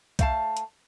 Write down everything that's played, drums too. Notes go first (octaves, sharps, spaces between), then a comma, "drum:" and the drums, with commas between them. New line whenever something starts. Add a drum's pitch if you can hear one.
A3 F5 A5, drum: kick C2, hi-hat
drum: hi-hat